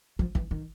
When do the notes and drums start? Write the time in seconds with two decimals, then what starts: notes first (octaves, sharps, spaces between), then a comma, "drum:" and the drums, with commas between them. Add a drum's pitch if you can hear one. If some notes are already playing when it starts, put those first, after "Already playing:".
0.19 F3, drum: kick
0.35 E3, drum: kick
0.51 D#3